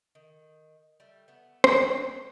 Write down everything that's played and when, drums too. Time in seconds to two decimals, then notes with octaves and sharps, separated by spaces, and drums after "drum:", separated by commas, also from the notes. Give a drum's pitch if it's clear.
0.15 D#3
1.00 G3 A3
1.28 A3 B3
1.64 drum: rim click
1.84 G3 A3